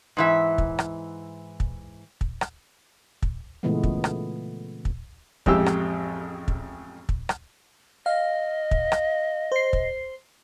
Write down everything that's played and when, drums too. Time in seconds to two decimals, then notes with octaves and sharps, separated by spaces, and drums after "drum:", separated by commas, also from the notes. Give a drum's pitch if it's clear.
0.17 G#2 E3 E5
0.58 drum: kick
0.79 drum: rim click
1.60 drum: kick
2.21 drum: kick
2.41 drum: rim click
3.22 drum: kick
3.63 A#2 C#3 E3 G#3 A3 B3
3.83 drum: kick
4.04 drum: rim click
4.85 drum: kick
5.46 A1 F2 G#3 G4 E6, drum: kick
5.66 drum: rim click
6.48 drum: kick
7.09 drum: kick
7.29 drum: rim click
8.06 D#5 F5
8.71 drum: kick
8.92 drum: rim click
9.52 C5 C7
9.73 drum: kick